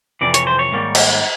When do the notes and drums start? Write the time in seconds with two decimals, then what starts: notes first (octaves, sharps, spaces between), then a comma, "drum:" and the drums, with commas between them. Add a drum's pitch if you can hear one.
0.21 F2 C3 E3 D5
0.34 C#5, drum: hi-hat
0.47 C5
0.59 C#5
0.72 G#2 D#3 G3 A#3
0.95 drum: cymbal